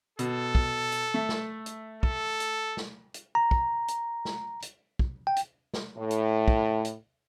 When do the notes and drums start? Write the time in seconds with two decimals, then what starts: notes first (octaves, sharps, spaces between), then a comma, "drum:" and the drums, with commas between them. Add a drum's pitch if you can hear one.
0.19 B2 A4, drum: hi-hat
0.55 drum: kick
0.92 drum: hi-hat
1.14 A3
1.29 drum: snare
1.66 drum: hi-hat
2.03 A4, drum: kick
2.40 drum: hi-hat
2.77 drum: snare
3.14 drum: hi-hat
3.35 A#5
3.51 drum: kick
3.88 drum: hi-hat
4.25 drum: snare
4.62 drum: hi-hat
4.99 drum: kick
5.27 G5
5.36 drum: hi-hat
5.74 drum: snare
5.97 A2
6.11 drum: hi-hat
6.48 drum: kick
6.85 drum: hi-hat